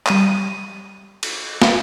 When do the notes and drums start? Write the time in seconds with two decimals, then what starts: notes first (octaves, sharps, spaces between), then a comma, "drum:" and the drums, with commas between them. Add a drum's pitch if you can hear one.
0.06 G3 D#7, drum: clap
1.23 drum: cymbal
1.62 drum: snare